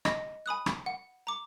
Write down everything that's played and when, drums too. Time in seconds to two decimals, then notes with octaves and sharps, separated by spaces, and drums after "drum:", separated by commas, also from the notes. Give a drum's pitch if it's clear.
0.05 D#5, drum: rim click
0.46 G#5 B5 D#6 F#6
0.66 drum: rim click
0.86 F#5
1.27 A#5 D6